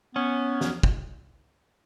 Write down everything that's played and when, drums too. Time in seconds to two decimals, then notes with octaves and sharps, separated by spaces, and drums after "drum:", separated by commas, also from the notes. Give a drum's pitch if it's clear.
0.15 B3 C#4
0.61 drum: snare
0.83 drum: kick